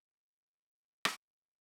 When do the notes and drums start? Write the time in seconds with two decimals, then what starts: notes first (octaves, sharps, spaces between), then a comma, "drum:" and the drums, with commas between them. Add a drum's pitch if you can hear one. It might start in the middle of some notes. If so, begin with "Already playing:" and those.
0.18 C4 D#4 E4 G#4 D#6 F6
1.05 drum: rim click